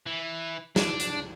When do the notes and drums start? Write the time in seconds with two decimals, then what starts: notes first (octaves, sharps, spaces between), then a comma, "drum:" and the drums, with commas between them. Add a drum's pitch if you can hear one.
0.07 E3
0.76 D4, drum: snare
1.00 drum: hi-hat